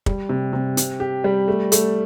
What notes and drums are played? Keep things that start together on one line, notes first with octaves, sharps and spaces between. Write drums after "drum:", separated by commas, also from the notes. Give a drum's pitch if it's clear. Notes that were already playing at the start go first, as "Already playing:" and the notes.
G3, drum: kick
C3
C3
C3, drum: hi-hat
G4
G3
A3
A3, drum: hi-hat